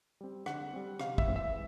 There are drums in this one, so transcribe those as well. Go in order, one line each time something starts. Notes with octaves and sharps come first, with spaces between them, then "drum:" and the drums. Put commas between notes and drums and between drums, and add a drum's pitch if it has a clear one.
G3 C4
D3 F#5, drum: rim click
G3 C4
C3 F5, drum: rim click
E5, drum: kick
E3 G#3 C4 E4
E5